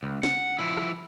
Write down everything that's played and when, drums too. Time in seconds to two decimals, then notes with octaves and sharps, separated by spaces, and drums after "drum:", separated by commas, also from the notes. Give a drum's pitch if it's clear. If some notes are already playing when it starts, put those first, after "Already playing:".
0.03 C#2
0.23 F#5, drum: snare
0.59 F3 E4
0.77 drum: rim click